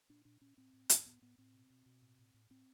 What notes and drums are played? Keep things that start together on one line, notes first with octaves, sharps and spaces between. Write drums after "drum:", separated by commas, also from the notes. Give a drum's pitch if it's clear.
A#2 D4
A#2 D4
A#2 C#4
A2 C4
A2
A2, drum: hi-hat
A2 B3
A2 B3
A2 C4
B2
B2
B2
A2
A2
A2
A2 C4